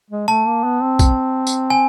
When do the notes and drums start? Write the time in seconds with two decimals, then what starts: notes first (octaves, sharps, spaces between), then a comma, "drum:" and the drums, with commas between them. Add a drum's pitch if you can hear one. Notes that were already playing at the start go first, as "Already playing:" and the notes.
0.10 G#3
0.28 A3 A5
0.47 A#3
0.64 B3
0.82 C4
0.99 drum: kick, tambourine
1.47 drum: tambourine
1.70 G#5